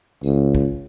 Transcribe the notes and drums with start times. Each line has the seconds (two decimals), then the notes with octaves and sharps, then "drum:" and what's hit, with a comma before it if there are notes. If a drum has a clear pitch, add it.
0.23 C#2, drum: tambourine
0.55 drum: kick